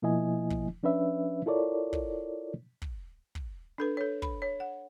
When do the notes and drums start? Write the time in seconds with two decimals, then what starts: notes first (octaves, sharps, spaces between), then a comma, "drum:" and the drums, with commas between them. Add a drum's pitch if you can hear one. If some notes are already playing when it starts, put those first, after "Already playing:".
0.02 B2 F3 A#3 E4 D#5 G#5
0.50 drum: kick
0.83 F3 C#4 D4 B4 E5
1.46 E4 F4 A4 A#4 C#5 D5
1.93 drum: kick
2.82 drum: kick
3.35 drum: kick
3.78 D4 A4 B4
3.97 A4 C#5
4.22 B5, drum: kick
4.42 C#5
4.60 F#5